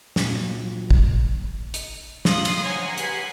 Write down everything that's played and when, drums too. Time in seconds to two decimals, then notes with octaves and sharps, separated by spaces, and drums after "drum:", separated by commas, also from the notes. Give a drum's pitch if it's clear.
0.16 A#2 F#3, drum: snare
0.91 drum: kick
1.74 drum: hi-hat
2.25 D3 F5 C6 D#6 F#6, drum: snare
2.45 drum: cymbal
2.61 C5 C#5 F#5 G#5 A#5
2.98 G4 G#4 B4 F#5 G#5, drum: hi-hat